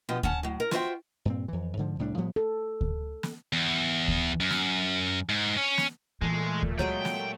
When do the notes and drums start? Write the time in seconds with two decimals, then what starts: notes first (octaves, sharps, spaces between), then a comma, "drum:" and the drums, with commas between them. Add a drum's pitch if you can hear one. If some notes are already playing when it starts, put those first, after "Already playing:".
0.09 B2 D3 F3 B3 G4
0.23 C#4 F#5 A5, drum: kick D2
0.43 A2 F#3
0.60 A#4
0.71 F4 F#4 C5 E5 G5, drum: snare
1.25 G2 A#2 C4
1.48 F2 E3
1.77 G#2 D3 F3
1.99 C2 A2 G3 D4
2.17 A2 F3 G3 B3
2.36 A4
2.81 drum: kick D2
3.23 drum: snare
3.53 E2
4.08 drum: kick D2
4.41 F#2
4.50 drum: snare
5.29 G#2
5.57 C#4
5.78 drum: snare
6.22 A#2 E3 G#3 A3
6.62 drum: kick D2
6.79 F#3 G#3 C4 G#4 G5
7.05 drum: snare